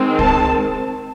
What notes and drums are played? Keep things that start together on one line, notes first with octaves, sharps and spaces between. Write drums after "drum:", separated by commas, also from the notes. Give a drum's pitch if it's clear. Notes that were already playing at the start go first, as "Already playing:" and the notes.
Already playing: D#3 G#3 C4
A5, drum: kick